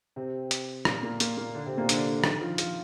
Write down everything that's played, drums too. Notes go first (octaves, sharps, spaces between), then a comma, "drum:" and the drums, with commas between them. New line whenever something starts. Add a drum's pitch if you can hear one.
C3 C4
drum: hi-hat
A#2 A#3, drum: rim click
A#2 A#3
A#2 A#3, drum: hi-hat
A#2 A#3
D3 D4
C3 C4
A#2 A#3
D3 D4, drum: hi-hat
D#3 D#4, drum: rim click
F3 F4
F3 F4, drum: hi-hat